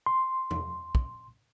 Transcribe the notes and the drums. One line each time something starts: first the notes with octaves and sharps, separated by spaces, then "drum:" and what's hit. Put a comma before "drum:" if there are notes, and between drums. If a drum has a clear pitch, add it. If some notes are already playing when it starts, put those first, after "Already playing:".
C6
drum: tom E2
drum: kick